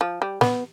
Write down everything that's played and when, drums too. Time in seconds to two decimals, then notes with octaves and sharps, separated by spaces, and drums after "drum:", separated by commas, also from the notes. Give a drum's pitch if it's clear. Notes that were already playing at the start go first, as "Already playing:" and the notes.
0.01 F3
0.22 G3
0.41 B3, drum: snare